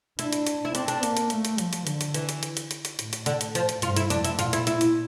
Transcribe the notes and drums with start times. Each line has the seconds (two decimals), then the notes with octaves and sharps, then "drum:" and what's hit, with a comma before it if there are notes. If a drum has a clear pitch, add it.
0.19 D4 E4, drum: hi-hat
0.33 drum: hi-hat
0.47 drum: hi-hat
0.65 E4
0.75 C4 D4, drum: hi-hat
0.88 D4, drum: hi-hat
1.03 A#3, drum: hi-hat
1.17 drum: hi-hat
1.30 A3, drum: hi-hat
1.45 drum: hi-hat
1.58 F3, drum: hi-hat
1.73 drum: hi-hat
1.87 D3, drum: hi-hat
2.01 drum: hi-hat
2.14 E3, drum: hi-hat
2.29 drum: hi-hat
2.43 drum: hi-hat
2.57 drum: hi-hat
2.71 drum: hi-hat
2.85 drum: hi-hat
2.99 A2, drum: hi-hat
3.13 drum: hi-hat
3.26 D3, drum: hi-hat
3.41 drum: hi-hat
3.55 F3, drum: hi-hat
3.69 drum: hi-hat
3.82 G2 F4, drum: hi-hat
3.96 E4, drum: hi-hat
4.10 F2 D4, drum: hi-hat
4.25 E4, drum: hi-hat
4.39 A#2 F4, drum: hi-hat
4.53 E4, drum: hi-hat
4.67 E4, drum: hi-hat
4.81 drum: hi-hat